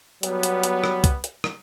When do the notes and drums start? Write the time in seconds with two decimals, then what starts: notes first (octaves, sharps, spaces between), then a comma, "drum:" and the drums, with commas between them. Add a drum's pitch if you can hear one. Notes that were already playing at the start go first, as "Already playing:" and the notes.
0.23 F#3 G3 B3, drum: hi-hat
0.43 drum: hi-hat
0.63 drum: hi-hat
0.84 drum: rim click
1.04 drum: kick, hi-hat
1.24 drum: hi-hat
1.44 drum: rim click